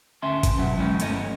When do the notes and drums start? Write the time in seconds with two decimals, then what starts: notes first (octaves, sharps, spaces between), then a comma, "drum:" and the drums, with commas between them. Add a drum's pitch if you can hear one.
0.22 D2 D3 C#4 E5 C6
0.43 drum: kick G1, hi-hat
0.57 G2 B2 F#3 E5
0.77 D#3 E3 F#3 G#3 C#4 D#4
1.00 G2 A3 B3 A4 C#5 D#5, drum: hi-hat